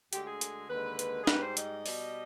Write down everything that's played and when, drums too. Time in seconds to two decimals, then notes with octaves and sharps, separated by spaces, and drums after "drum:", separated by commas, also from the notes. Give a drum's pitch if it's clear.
0.13 D2 D3 G#3 G4, drum: hi-hat
0.27 G#4
0.41 drum: hi-hat
0.70 D#2 D3 G#3 B4
0.99 drum: hi-hat
1.24 G#4
1.27 G#2 G3 B4, drum: snare D4
1.42 C5
1.57 D#5, drum: hi-hat
1.86 B2 G3, drum: open hi-hat